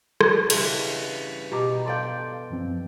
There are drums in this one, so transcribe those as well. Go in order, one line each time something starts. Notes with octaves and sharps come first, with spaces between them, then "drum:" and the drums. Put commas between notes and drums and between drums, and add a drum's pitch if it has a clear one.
drum: rim click
G2 C#3 E3, drum: cymbal
B2 G4 A#5 D6
A4 D5 F5 G5 C6
F#2 F3 C4